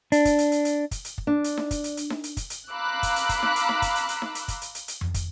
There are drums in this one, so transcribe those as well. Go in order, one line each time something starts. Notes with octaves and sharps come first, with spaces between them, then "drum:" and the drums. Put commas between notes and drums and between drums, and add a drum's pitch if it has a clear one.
D4, drum: hi-hat
drum: kick, hi-hat
drum: hi-hat
drum: hi-hat
drum: hi-hat
drum: kick, hi-hat
drum: hi-hat
drum: kick
D4
drum: hi-hat
drum: snare D#4
drum: kick, hi-hat
drum: hi-hat
drum: hi-hat
drum: snare D#4
drum: hi-hat
drum: kick, hi-hat
drum: hi-hat
F5 A#5 B5 D6 E6 F#6
drum: kick, hi-hat
drum: hi-hat
drum: kick, hi-hat
drum: snare D#4
drum: hi-hat
drum: snare D#4
drum: kick, hi-hat
drum: hi-hat
drum: hi-hat
drum: snare D#4
drum: hi-hat
drum: kick, hi-hat
drum: hi-hat
drum: hi-hat
drum: hi-hat
drum: tom F2
drum: kick, hi-hat